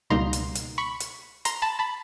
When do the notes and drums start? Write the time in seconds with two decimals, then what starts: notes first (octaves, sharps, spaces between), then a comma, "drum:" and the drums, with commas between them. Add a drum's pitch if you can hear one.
0.10 C#2 B2 G3 A#3 D#4 A#5 C6
0.33 drum: hi-hat
0.55 drum: hi-hat
0.78 B5 C#6
1.00 drum: hi-hat
1.45 A#5 C6, drum: hi-hat
1.62 A5 B5
1.79 A5 B5